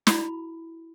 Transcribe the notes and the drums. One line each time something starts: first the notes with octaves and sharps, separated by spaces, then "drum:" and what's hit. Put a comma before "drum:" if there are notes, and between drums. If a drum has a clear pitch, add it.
E4 F#4 B5, drum: snare